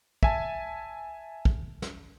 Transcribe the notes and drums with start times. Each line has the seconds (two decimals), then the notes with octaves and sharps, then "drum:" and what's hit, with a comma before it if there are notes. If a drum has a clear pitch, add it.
0.23 E5 G#5 A5, drum: kick
1.45 drum: kick
1.82 drum: snare